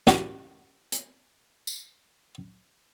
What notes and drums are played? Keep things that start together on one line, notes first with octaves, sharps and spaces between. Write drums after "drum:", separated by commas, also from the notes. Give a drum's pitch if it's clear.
A1 D4 F#4 G4, drum: snare
drum: hi-hat
drum: tambourine